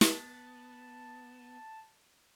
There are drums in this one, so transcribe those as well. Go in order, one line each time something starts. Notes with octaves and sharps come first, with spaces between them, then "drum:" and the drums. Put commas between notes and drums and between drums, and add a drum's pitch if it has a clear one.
B3 A5, drum: snare